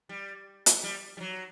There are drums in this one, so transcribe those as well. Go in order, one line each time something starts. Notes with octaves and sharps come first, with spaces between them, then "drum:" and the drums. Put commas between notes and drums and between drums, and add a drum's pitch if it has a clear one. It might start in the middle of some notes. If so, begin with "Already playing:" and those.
G3
drum: hi-hat
G3
G3
F#3